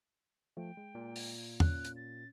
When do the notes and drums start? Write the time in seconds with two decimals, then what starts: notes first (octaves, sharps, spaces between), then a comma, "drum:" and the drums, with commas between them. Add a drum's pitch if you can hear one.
0.57 F3 A3 G5
0.77 G#3
0.95 A#2
1.16 drum: open hi-hat
1.60 C#4 F#6, drum: tom E2
1.85 drum: hi-hat
1.96 A6